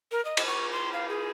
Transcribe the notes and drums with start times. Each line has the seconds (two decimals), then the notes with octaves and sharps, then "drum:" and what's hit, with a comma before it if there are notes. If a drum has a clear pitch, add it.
0.12 A#4
0.25 D#5
0.37 drum: cymbal
0.48 C#6
0.72 C6
0.93 F5
1.09 G#4